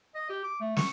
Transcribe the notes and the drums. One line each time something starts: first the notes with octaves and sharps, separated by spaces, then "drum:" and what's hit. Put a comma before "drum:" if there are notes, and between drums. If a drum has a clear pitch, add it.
D#5
G4
D6
A3
C#6, drum: snare